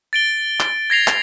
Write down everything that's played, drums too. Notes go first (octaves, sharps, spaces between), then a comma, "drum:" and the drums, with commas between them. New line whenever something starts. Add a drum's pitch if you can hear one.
A6 D7 G7
drum: clap
G#6 A#6 C7 F7
drum: clap